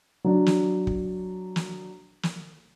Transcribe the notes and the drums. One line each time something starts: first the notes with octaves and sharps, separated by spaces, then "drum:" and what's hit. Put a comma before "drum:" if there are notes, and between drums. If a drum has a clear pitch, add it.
F#3 D4 F#4
drum: snare
drum: kick
drum: snare
drum: snare